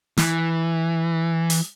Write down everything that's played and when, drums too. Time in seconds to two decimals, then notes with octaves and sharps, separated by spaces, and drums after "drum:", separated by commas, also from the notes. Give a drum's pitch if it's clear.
0.17 E3, drum: snare
1.50 drum: open hi-hat